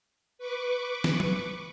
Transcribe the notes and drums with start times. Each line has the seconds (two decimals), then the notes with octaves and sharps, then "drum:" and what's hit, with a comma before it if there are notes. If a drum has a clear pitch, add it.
0.38 B4 C#6 D6
1.04 drum: snare
1.20 drum: tom